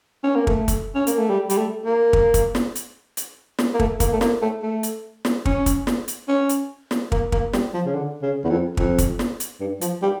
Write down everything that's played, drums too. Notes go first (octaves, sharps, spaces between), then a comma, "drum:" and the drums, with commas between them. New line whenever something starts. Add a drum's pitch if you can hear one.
C#4
A#3
A3, drum: kick
drum: kick, hi-hat
C#4
A#3, drum: hi-hat
A3
G3
G3, drum: hi-hat
A3
A#3
drum: kick
drum: kick, hi-hat
drum: snare
drum: hi-hat
drum: hi-hat
drum: snare
A#3
A3, drum: kick
A#3, drum: kick, hi-hat
A3
A#3, drum: snare
A3
A3
drum: hi-hat
drum: snare
C#4, drum: kick
drum: kick, hi-hat
drum: snare
drum: hi-hat
C#4
drum: hi-hat
drum: snare
A#3, drum: kick
A#3, drum: kick
G3, drum: snare
F3
C#3
D3
C#3
E2
F2
F2, drum: kick
drum: kick, hi-hat
drum: snare
drum: hi-hat
G2
F3, drum: hi-hat
G3